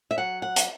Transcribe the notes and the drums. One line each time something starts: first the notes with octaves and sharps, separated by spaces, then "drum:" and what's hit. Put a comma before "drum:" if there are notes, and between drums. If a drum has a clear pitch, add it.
E5
F#3 F#5
F#5
drum: hi-hat